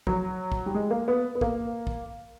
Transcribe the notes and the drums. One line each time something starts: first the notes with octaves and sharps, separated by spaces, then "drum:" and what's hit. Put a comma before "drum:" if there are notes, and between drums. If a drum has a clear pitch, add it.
F#3, drum: kick
drum: kick
G3
G#3
A#3
B3
B3
A#3, drum: kick
drum: kick